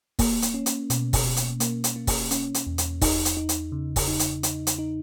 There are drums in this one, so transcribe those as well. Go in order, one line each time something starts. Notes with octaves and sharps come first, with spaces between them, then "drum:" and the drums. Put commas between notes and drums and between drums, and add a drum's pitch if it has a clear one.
A#3, drum: kick, open hi-hat
drum: hi-hat
C#4
drum: hi-hat
B2, drum: hi-hat
drum: kick, open hi-hat
B2
drum: hi-hat
A#3, drum: hi-hat
drum: hi-hat
A#3
drum: kick, open hi-hat
C#4, drum: hi-hat
drum: hi-hat
E2
drum: hi-hat
D#4, drum: kick, open hi-hat
drum: hi-hat
D#4
drum: hi-hat
C#3
drum: kick, open hi-hat
D#4
drum: hi-hat
D#4, drum: hi-hat
drum: hi-hat
D#4